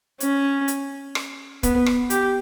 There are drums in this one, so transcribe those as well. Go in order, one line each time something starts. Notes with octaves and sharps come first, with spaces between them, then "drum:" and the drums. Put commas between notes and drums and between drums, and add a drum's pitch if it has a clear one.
C#4, drum: hi-hat
drum: hi-hat
drum: rim click
B3, drum: kick, hi-hat
drum: rim click
G4, drum: hi-hat